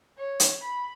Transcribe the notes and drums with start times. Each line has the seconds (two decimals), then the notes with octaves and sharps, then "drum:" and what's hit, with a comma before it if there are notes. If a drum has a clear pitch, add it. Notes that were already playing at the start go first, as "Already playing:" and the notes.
0.18 C#5
0.40 drum: hi-hat
0.61 B5